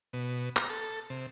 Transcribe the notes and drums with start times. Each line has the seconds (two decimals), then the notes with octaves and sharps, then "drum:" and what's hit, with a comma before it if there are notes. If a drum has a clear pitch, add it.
0.13 B2
0.56 A#5, drum: clap
0.70 A4
1.10 C3